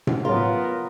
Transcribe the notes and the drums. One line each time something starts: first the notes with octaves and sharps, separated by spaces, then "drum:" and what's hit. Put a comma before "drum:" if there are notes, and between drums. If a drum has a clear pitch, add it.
drum: tom A2
C#3 F#3 B3 F4 A#4